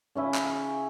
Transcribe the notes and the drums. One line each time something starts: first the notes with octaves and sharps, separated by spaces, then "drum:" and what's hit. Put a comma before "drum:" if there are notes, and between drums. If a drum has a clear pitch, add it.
C#3 C#4 E4
drum: clap